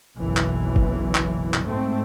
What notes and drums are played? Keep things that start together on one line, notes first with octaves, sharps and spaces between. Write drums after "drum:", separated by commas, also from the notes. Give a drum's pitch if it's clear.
F#1 B1 E3
drum: clap
drum: kick G1
drum: clap
drum: clap
G#2 A3 C4